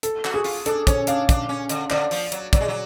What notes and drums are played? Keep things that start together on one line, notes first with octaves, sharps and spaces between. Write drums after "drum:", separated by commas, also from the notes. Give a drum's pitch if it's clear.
A4, drum: hi-hat
F#4, drum: clap
G#4
F4, drum: open hi-hat
D4 A4, drum: hi-hat
C#4 C#5, drum: kick, hi-hat
D4 F5, drum: hi-hat
D4, drum: kick, hi-hat
C#4
D3, drum: hi-hat
D3 D5, drum: clap
F3, drum: open hi-hat
F#3, drum: hi-hat
F#3 D5, drum: kick, hi-hat
G#3
F#3